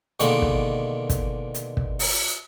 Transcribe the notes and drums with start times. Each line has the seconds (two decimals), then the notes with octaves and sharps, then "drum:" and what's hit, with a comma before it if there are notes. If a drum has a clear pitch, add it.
0.20 B2 D3 D#3 G#3 A#3 B3, drum: hi-hat
0.42 drum: kick
1.09 drum: kick, hi-hat
1.54 drum: hi-hat
1.77 drum: kick
1.99 drum: open hi-hat